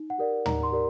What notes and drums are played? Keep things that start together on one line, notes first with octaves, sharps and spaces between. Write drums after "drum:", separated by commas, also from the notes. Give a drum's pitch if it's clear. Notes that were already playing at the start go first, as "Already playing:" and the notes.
Already playing: D#4
F#5
G4 A#4 D5
D#4 A#5, drum: tom
C6
G4 A#4 D5